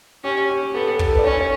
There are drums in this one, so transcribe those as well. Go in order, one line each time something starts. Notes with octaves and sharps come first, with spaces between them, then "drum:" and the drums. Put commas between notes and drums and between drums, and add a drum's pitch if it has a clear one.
C#4 G4
G4
B3 A4
A4
A4, drum: kick
B4
D5
C#4 C#5
C#5